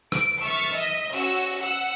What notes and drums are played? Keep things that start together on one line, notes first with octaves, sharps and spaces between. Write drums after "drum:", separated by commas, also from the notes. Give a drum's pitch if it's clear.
D7, drum: rim click
E5 C#6 E6 F6 A6
D#5 E5
C#4 F#4 E6, drum: open hi-hat
F#5 E6